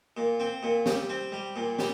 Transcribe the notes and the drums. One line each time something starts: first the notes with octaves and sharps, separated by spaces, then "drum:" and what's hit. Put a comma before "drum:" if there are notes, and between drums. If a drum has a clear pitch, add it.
A#2
C4
A#2
G3, drum: snare
C4
G3
A#2
G3, drum: snare